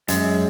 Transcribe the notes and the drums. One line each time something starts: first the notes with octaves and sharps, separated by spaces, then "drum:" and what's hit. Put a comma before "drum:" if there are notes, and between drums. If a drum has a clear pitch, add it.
F#2 G#3 G#4, drum: hi-hat